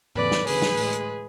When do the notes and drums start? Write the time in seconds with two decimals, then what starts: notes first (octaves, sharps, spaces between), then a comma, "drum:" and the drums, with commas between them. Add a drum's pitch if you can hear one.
0.15 E2 C#3 E3 A3 B4 D5, drum: tom G#2
0.31 drum: snare
0.47 D2 C#3 E3 G#4 B4, drum: open hi-hat
0.62 drum: snare
0.77 A2 G#3, drum: open hi-hat
0.93 drum: hi-hat